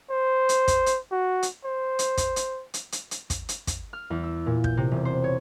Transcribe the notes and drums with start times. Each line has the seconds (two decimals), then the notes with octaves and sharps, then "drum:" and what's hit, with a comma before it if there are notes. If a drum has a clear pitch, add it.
0.10 C5
0.49 drum: hi-hat
0.68 drum: kick, hi-hat
0.86 drum: hi-hat
1.12 F#4
1.43 drum: hi-hat
1.65 C5
1.99 drum: hi-hat
2.17 drum: kick, hi-hat
2.36 drum: hi-hat
2.74 drum: hi-hat
2.92 drum: hi-hat
3.11 drum: hi-hat
3.30 drum: kick, hi-hat
3.49 drum: hi-hat
3.67 drum: kick, hi-hat
3.93 F6
4.10 E2
4.24 E6
4.46 A#2
4.64 G6, drum: kick
4.77 C3
4.91 E1
5.05 C5
5.24 C#5